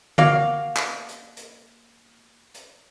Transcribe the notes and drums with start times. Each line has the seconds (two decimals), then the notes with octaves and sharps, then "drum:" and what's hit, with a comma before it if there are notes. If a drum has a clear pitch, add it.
0.18 A#3 F#4 F5, drum: tom D3
0.76 drum: clap
1.09 drum: hi-hat
1.37 drum: hi-hat
2.54 drum: hi-hat